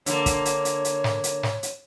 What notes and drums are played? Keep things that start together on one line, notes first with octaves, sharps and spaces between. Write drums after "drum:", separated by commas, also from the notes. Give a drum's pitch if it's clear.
D3 A#3 C#5, drum: hi-hat
drum: kick, hi-hat
drum: hi-hat
drum: hi-hat
drum: hi-hat
drum: snare
drum: hi-hat
drum: snare
drum: hi-hat